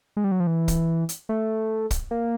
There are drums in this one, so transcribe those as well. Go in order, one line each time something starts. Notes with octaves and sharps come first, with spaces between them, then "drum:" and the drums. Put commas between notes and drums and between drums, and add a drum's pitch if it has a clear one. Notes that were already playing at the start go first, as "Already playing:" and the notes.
G#3
G3
F#3
F3
E3
drum: kick, hi-hat
drum: hi-hat
A3
drum: kick, hi-hat
A#3